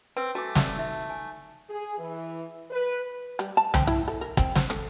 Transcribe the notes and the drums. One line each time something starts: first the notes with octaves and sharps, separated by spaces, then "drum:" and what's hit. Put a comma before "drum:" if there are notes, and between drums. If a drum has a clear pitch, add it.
C4 B4
A3 F#4 G#5 D6
D5 E5 D6, drum: snare
D#4 E5
G#5
G#4
E3
B4
G3, drum: hi-hat
A5
C4, drum: tom C2
E4
A4
A#4
C4, drum: kick
C5, drum: snare
A4, drum: rim click